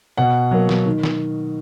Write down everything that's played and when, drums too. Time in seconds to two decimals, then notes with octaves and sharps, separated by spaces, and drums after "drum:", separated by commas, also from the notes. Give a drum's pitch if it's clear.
0.17 B2 F#5
0.51 F#3 A#3
0.69 drum: snare
0.86 D#3
1.04 drum: snare